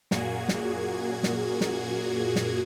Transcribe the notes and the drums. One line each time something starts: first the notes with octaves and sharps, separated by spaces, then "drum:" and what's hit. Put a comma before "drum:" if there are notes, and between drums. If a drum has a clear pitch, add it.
F#2 A#2 A#3 F#4 G#4 G#6, drum: snare
drum: snare
drum: snare
drum: snare
drum: snare